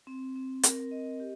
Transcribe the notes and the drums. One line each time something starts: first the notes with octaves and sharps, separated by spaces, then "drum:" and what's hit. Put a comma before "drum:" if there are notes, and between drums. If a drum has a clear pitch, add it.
C4
C4
A#4, drum: hi-hat
D#5
G4